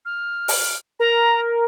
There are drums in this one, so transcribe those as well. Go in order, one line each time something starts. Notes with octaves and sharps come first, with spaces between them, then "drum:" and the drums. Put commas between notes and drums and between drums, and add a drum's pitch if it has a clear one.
F6
drum: open hi-hat
A#4 A#5